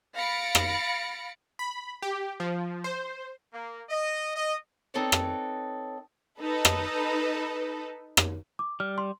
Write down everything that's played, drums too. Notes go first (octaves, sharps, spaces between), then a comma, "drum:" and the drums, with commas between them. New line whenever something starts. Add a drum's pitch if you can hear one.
F5 B5 A6 A#6 C#7 D7
drum: rim click
B5
G4
F3
C5
A#3
D#5
D#5
C4 D#4 A4 B4 C#5 D5
drum: rim click
D#4 A4 B4
drum: rim click
drum: rim click
D6
G3 F6
C6